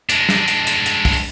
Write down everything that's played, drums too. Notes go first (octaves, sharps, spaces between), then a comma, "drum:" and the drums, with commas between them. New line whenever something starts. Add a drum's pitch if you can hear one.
G#3 D4, drum: hi-hat
drum: snare
drum: hi-hat
drum: hi-hat
drum: hi-hat
drum: kick, open hi-hat